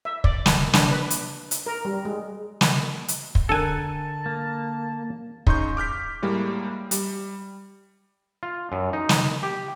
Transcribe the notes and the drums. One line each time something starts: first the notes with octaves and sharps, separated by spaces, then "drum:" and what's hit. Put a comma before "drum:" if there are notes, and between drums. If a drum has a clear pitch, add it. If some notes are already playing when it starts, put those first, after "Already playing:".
E5
D5, drum: kick
A5, drum: snare
D4, drum: snare
B4
drum: hi-hat
drum: hi-hat
A#4
G3
G#3
drum: snare
drum: hi-hat
drum: kick
D3 A4 A#4 G#5 A5 F#6
A#3
C#3 D#4 C6 C#6 G6, drum: kick
D6 F6 G6 B6
A2 G3 G#3 A#3
G3, drum: hi-hat
F4
F#2
D#4
drum: snare
G4